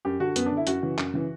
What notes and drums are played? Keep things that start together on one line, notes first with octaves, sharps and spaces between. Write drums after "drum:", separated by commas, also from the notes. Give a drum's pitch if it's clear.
F#2 G4
D3 F#4
F#2 B3, drum: hi-hat
D4
D3
E4
F#2 F#4, drum: hi-hat
C#3 E3
F#2, drum: clap
C#3 E3